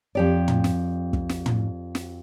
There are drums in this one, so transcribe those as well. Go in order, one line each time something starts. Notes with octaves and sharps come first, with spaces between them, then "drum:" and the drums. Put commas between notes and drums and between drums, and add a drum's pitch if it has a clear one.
F2 G4 D5
drum: tom
drum: snare
drum: kick
drum: snare
drum: tom
drum: snare